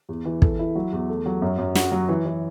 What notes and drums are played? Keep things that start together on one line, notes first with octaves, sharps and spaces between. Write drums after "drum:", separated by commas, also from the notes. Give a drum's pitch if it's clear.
E2
E3
A4, drum: kick
E4
F#3
E2
A3
F#3
F#2
F#2
F#4, drum: snare
F#3
E3
E3